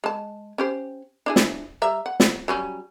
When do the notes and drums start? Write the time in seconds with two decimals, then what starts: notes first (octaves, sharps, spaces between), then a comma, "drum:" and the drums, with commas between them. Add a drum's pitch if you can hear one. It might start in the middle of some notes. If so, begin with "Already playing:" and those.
0.04 G#3 A5
0.58 C#4 G4 C5
1.26 D4 E4 G#4
1.36 drum: snare
1.82 G3 E5 A#5
2.06 F#5
2.20 drum: snare
2.48 F#3 G3 C#4